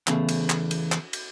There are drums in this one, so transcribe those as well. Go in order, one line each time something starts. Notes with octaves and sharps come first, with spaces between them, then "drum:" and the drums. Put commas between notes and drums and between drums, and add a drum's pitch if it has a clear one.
E2 C#3 A3, drum: clap
drum: cymbal
drum: clap
drum: cymbal
drum: clap
drum: cymbal